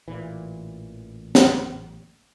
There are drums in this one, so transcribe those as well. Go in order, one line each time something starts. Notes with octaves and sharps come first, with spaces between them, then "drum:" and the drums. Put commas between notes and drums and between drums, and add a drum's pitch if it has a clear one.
A1 A#2 E3
drum: snare